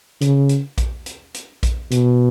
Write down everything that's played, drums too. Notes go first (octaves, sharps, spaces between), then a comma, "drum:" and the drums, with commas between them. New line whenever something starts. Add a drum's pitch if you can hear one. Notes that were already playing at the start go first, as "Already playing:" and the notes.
C#3, drum: hi-hat
drum: hi-hat
drum: kick A#1, hi-hat
drum: hi-hat
drum: hi-hat
drum: kick A#1, hi-hat
B2, drum: hi-hat